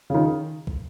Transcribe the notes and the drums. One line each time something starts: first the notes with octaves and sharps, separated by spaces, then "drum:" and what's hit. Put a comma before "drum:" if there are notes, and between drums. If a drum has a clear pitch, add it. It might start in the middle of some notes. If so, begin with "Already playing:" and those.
C#3
D#3
drum: kick